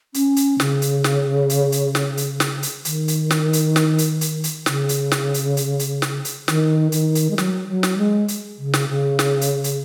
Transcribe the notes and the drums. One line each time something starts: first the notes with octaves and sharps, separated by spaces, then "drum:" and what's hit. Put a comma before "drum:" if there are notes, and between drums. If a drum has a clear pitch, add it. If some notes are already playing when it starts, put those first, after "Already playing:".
C#4, drum: hi-hat
drum: hi-hat
C#3, drum: snare
drum: hi-hat
drum: snare
drum: hi-hat
drum: hi-hat
drum: snare
drum: hi-hat
drum: snare
drum: hi-hat
D#3, drum: hi-hat
drum: hi-hat
drum: snare
drum: hi-hat
drum: snare
drum: hi-hat
drum: hi-hat
drum: hi-hat
C#3, drum: snare
drum: hi-hat
drum: snare
drum: hi-hat
drum: hi-hat
drum: hi-hat
drum: snare
drum: hi-hat
D#3, drum: snare
D#3, drum: hi-hat
drum: hi-hat
G#3
F#3, drum: snare
F#3
drum: snare
G#3
drum: hi-hat
C#3
drum: snare
C#3
drum: snare
drum: hi-hat
drum: hi-hat